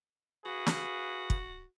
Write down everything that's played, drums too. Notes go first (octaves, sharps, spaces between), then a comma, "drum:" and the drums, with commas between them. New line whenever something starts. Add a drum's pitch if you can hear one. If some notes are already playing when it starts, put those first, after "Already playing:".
F#4 G#4 B4 F5
drum: snare
drum: kick